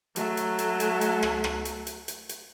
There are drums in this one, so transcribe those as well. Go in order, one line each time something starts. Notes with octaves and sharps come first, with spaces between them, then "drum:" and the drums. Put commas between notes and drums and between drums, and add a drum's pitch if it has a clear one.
F#3 A3, drum: hi-hat
drum: hi-hat
drum: hi-hat
drum: hi-hat
drum: hi-hat
drum: rim click
drum: rim click
drum: hi-hat
drum: hi-hat
drum: hi-hat
drum: hi-hat